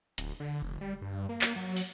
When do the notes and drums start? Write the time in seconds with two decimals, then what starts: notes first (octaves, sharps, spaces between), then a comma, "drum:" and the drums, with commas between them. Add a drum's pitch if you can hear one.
0.18 D1, drum: hi-hat
0.40 D3
0.62 F1
0.81 G3
1.02 G2
1.29 A#3
1.41 drum: clap
1.56 F#3
1.77 drum: open hi-hat